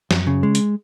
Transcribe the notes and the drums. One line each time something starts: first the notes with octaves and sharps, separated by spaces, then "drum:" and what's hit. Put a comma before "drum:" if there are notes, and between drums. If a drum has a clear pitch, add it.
F#2, drum: snare
C#3
G#3
drum: hi-hat